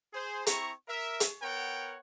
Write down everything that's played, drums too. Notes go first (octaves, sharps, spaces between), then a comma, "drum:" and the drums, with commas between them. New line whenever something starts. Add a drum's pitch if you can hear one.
G#4 C5
C4 E4 A#5 C#6, drum: hi-hat
A#4 E5
drum: hi-hat
B3 A#4 C#5 F#5 G5